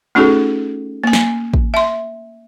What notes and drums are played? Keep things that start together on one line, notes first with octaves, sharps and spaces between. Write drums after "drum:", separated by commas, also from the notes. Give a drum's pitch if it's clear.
A3 C#4 D#4 F#4 G#4 A4
A#3 G#5
drum: snare
drum: kick A1
E5 C6